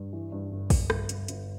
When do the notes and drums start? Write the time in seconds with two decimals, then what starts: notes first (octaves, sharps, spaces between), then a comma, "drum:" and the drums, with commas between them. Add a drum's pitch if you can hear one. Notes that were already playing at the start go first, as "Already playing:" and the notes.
Already playing: G2
0.13 E3
0.32 G2
0.51 G1
0.70 G1, drum: kick, open hi-hat
0.90 G1, drum: rim click
1.09 G1, drum: hi-hat
1.28 G1, drum: hi-hat